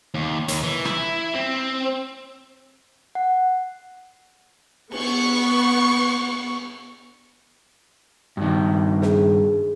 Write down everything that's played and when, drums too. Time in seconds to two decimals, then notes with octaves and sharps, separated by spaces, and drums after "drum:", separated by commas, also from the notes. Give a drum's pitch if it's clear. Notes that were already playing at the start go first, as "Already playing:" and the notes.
0.14 D#2
0.48 D#2, drum: hi-hat
0.64 E3
0.85 E4, drum: rim click
1.35 C4
3.15 F#5
4.92 B3 C#6, drum: cymbal
8.37 G2 D#3
9.02 G#4, drum: snare